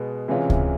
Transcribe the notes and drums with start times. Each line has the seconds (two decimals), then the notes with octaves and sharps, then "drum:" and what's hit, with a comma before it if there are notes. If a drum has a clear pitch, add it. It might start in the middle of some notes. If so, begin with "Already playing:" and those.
Already playing: B2 G#3 B3
0.28 C3 E3 G#3 C#4 F4
0.50 drum: kick C#2